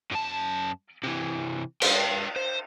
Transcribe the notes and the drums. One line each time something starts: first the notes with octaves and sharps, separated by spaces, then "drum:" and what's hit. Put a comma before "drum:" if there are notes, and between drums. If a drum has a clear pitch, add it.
F#2 A5
C3 E3
B4 G5, drum: cymbal
C5